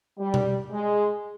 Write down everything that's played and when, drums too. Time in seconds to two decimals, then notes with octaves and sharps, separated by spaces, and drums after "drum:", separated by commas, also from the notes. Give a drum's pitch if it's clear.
0.18 G3
0.34 drum: tom B2
0.70 G#3